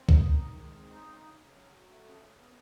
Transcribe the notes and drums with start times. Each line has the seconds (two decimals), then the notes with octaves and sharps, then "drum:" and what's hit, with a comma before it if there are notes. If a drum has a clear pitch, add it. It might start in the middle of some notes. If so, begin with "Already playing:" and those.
Already playing: C4
0.09 D#4, drum: kick C2
0.25 D#3
0.42 D#3
0.57 G#3
0.74 C4
0.91 D#4
1.07 C#3
1.24 C#3
1.40 C#3
1.56 F#3
1.73 F#3
1.89 A3
2.05 C#3
2.22 C#3
2.39 B3